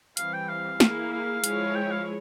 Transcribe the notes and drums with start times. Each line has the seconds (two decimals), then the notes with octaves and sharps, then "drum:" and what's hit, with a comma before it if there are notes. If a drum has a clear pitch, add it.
0.17 E3 G3 C4 G4 F5, drum: hi-hat
0.33 G5
0.49 F5
0.80 A#3 E4 G#4, drum: snare
1.13 F5
1.44 F3 G#3 E4 G#4 C#5, drum: hi-hat
1.75 G5
1.91 F5